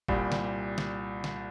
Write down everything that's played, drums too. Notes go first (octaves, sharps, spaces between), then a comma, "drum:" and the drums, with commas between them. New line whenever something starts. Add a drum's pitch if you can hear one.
C2 A#2 G3, drum: kick G1
drum: snare
drum: snare
drum: snare